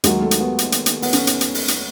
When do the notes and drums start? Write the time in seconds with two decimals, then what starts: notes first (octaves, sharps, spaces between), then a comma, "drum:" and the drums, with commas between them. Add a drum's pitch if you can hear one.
0.04 D#2 D#3 F#3 G#3, drum: hi-hat
0.22 A3
0.31 drum: hi-hat
0.40 B3
0.59 drum: hi-hat
0.72 drum: hi-hat
0.86 drum: hi-hat
1.02 B3, drum: open hi-hat
1.13 C#4, drum: hi-hat
1.27 drum: hi-hat
1.41 drum: hi-hat
1.54 drum: open hi-hat
1.68 drum: hi-hat